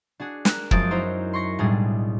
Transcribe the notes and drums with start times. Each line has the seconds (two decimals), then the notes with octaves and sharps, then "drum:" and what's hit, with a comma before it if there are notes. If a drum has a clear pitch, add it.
0.20 D4 F#4 G#4
0.45 A#4 F#6 E7, drum: snare
0.71 F#2 F3 G#3 D#6 A6 D7, drum: kick
0.91 D#4 E4 F#4 A#4 C5
1.33 C6 C#6 A#6 C#7
1.58 B1 A2 G3 G#3 D4 G#4